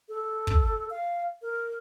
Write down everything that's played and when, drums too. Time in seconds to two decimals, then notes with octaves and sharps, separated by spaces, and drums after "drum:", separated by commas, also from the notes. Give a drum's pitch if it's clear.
0.09 A4
0.47 drum: kick
0.90 F5
1.42 A#4